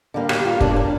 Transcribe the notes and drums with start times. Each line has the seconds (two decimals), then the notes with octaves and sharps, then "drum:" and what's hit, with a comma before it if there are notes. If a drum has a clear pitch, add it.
0.14 D3 G3 A#3
0.29 G4, drum: rim click
0.45 F4
0.61 A#2 G3 A#3 D4, drum: kick
0.76 D4